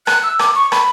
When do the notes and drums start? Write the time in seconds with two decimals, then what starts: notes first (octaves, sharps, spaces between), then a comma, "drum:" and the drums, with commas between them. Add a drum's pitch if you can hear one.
0.07 F#6, drum: rim click
0.23 E6
0.39 D6, drum: rim click
0.55 C#6
0.72 B5, drum: rim click